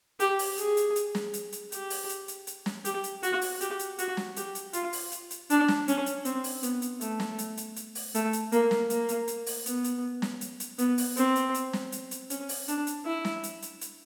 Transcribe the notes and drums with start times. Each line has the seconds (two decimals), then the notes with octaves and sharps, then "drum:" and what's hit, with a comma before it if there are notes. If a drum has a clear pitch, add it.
0.20 G4, drum: hi-hat
0.39 drum: open hi-hat
0.58 G#4, drum: hi-hat
0.77 drum: hi-hat
0.96 drum: hi-hat
1.15 drum: snare
1.34 drum: hi-hat
1.52 drum: hi-hat
1.72 G4, drum: hi-hat
1.90 drum: open hi-hat
2.09 drum: hi-hat
2.28 drum: hi-hat
2.47 drum: hi-hat
2.66 drum: snare
2.85 G4, drum: hi-hat
3.04 drum: hi-hat
3.23 F#4, drum: hi-hat
3.41 drum: open hi-hat
3.61 G4, drum: hi-hat
3.79 drum: hi-hat
3.98 F#4, drum: hi-hat
4.17 drum: snare
4.36 G4, drum: hi-hat
4.55 drum: hi-hat
4.73 F4, drum: hi-hat
4.93 drum: open hi-hat
5.12 drum: hi-hat
5.31 drum: hi-hat
5.50 D4, drum: hi-hat
5.68 drum: snare
5.88 C#4, drum: hi-hat
6.06 drum: hi-hat
6.25 C4, drum: hi-hat
6.44 drum: open hi-hat
6.63 B3, drum: hi-hat
6.82 drum: hi-hat
7.01 A3, drum: hi-hat
7.20 drum: snare
7.38 drum: hi-hat
7.57 drum: hi-hat
7.76 drum: hi-hat
7.95 drum: open hi-hat
8.15 A3, drum: hi-hat
8.33 drum: hi-hat
8.52 A#3, drum: hi-hat
8.71 drum: snare
8.90 A#3, drum: hi-hat
9.09 drum: hi-hat
9.28 drum: hi-hat
9.46 drum: open hi-hat
9.66 B3, drum: hi-hat
9.84 drum: hi-hat
10.22 drum: snare
10.41 drum: hi-hat
10.60 drum: hi-hat
10.78 B3, drum: hi-hat
10.98 drum: open hi-hat
11.17 C4, drum: hi-hat
11.36 drum: hi-hat
11.54 drum: hi-hat
11.73 drum: snare
11.92 drum: hi-hat
12.11 drum: hi-hat
12.30 C#4, drum: hi-hat
12.49 drum: open hi-hat
12.68 D4, drum: hi-hat
12.87 drum: hi-hat
13.05 E4
13.25 drum: snare
13.43 drum: hi-hat
13.62 drum: hi-hat
13.81 drum: hi-hat